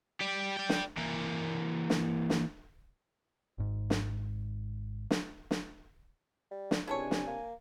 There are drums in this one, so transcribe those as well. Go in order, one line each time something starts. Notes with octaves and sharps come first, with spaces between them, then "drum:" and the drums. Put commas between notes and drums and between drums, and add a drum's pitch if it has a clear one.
G4 D5
D5 G5
drum: snare
E3 A#3
drum: snare
drum: snare
G#1 G#2
drum: snare
drum: snare
drum: snare
G3
drum: snare
C#2 C3 D4 E4 A4 C#5 G#5
drum: snare
A#3